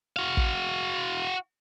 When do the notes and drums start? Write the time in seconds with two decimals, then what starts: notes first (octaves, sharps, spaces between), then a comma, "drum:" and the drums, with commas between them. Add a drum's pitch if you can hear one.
0.17 F#4 F5
0.37 drum: kick